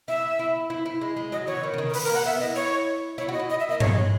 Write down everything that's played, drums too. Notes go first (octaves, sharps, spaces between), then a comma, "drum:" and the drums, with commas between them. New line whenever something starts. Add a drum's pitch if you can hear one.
E4 E5
E4
E4
E4
G#3
G#3
F#3 D#5
E3 C#5
D#3
C#3
D#3
A#4
B4, drum: open hi-hat
A#4
A#3
F#5
B3 E5
E4 D#5
C#5
E4 C#5
F#4
D#5
E4
D#5
E5
A#3 D#5
G#3 C#5, drum: tom G2